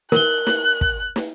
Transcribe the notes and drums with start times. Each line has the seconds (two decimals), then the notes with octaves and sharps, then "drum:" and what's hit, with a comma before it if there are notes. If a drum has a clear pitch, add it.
0.12 A#4 F#6 G7, drum: snare
0.47 drum: snare
0.81 drum: kick
1.16 drum: snare